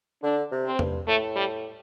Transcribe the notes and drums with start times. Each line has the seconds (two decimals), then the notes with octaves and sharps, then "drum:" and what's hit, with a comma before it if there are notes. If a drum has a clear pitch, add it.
0.23 D3 D4
0.51 C3
0.66 C4
0.79 G2, drum: tom E2
1.07 A2 A3
1.36 G3